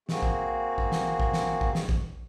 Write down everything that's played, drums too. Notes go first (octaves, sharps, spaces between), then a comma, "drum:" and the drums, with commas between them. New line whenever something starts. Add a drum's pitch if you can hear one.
A#3 C4 F#4 G#4, drum: snare
drum: kick A1
drum: kick A1
drum: snare
drum: kick A1
drum: snare
drum: kick A1
drum: snare
drum: kick A1